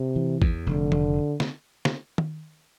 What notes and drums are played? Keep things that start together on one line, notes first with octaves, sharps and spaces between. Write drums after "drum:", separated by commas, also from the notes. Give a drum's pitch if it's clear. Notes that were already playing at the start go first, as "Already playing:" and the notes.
Already playing: C3
E3
E2, drum: kick G#1
F1 D3
F1, drum: tom D#3
drum: snare
drum: snare
drum: tom D#3